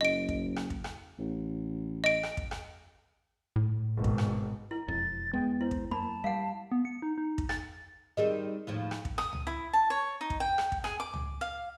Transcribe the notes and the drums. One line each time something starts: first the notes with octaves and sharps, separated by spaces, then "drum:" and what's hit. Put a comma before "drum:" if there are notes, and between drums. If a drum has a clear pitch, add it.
F#1 D#5 D7
drum: kick
drum: rim click
drum: kick
drum: rim click
A1
D#5 D7
drum: rim click
drum: kick
drum: rim click
A2
G#1 B2
drum: kick
drum: rim click
E4
E1 F2 A6
E2 G#3 B3 G5
E4 C5
drum: kick
F#2 A#3 A5 B5
G3 F5 F#5
B3
C#7
D#4
D#4
drum: kick
A6, drum: rim click
D#3 G3 C4 G#4 D#5
D#2 A2 F3
drum: rim click
drum: kick
D#6, drum: rim click
drum: tom C#2
E4
A5
C#5
D#4
drum: kick
G5
drum: rim click
drum: kick
G#4, drum: rim click
D6
drum: tom C#2
F5